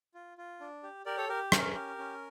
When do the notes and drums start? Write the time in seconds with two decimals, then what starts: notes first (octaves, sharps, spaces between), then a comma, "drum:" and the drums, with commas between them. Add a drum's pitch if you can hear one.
0.14 F4
0.38 F4
0.60 D4
0.83 G4
1.06 G4 A#4 D5
1.17 A4 C#5
1.29 G4 A#4
1.52 C#4 A#4, drum: rim click
1.75 G4
1.98 C#4